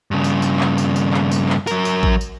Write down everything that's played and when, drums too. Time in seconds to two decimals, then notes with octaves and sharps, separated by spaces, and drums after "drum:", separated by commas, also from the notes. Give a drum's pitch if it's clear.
0.11 G2 C#3
0.24 drum: tambourine
0.42 drum: tambourine
0.60 drum: clap
0.78 drum: tambourine
0.96 drum: tambourine
1.14 drum: clap
1.31 drum: tambourine
1.49 drum: clap
1.67 F#3 A#4, drum: tambourine
1.85 drum: tambourine
2.03 drum: kick A1
2.21 drum: tambourine